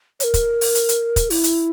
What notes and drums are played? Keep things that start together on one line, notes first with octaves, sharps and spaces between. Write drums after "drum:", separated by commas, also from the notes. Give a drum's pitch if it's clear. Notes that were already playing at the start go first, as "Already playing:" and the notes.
C#5, drum: hi-hat
A#4
drum: kick, hi-hat
drum: open hi-hat
drum: hi-hat
drum: hi-hat
drum: kick, hi-hat
E4, drum: open hi-hat
drum: hi-hat